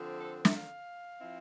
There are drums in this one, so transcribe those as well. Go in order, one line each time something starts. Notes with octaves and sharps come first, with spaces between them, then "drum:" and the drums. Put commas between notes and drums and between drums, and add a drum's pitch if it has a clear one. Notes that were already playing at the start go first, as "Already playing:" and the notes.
Already playing: D3 F3 C4
A4
E5, drum: snare
F5
F3 C4 E4